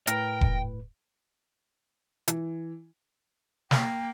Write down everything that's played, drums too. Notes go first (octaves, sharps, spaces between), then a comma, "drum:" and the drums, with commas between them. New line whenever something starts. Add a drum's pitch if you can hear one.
A2 A#4 B4 G5, drum: hi-hat
drum: kick E1
E3, drum: hi-hat
A#3 G5, drum: snare